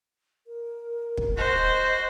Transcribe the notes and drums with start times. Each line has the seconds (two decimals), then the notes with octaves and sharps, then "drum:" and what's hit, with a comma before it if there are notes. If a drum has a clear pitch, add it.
0.47 A#4
1.17 drum: kick
1.37 F#4 C5 D#5